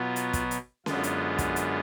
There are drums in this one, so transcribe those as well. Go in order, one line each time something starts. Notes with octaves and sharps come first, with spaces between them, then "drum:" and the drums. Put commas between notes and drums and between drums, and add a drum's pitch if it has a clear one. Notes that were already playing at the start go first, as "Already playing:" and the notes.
Already playing: B2 F#3 B3 F4
drum: hi-hat
drum: kick, hi-hat
drum: hi-hat
F#2 D3 G#3 B3 F4, drum: snare C#4
drum: hi-hat
drum: kick, hi-hat
drum: hi-hat